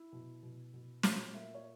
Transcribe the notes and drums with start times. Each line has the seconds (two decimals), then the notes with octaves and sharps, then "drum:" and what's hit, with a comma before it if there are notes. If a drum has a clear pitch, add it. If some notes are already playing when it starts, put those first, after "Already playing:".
Already playing: E4
0.13 B2
0.43 B2
0.73 B2
1.03 A#2 F#4, drum: snare
1.34 A#3 E5
1.55 C#5